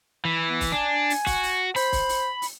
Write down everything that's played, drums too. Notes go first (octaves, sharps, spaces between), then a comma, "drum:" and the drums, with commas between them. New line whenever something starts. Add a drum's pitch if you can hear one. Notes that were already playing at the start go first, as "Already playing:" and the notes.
E3
B3
drum: kick, open hi-hat
D4 G#5
drum: open hi-hat
F#4, drum: kick, open hi-hat
drum: open hi-hat
C5 B5, drum: open hi-hat
drum: kick, open hi-hat
drum: open hi-hat
drum: open hi-hat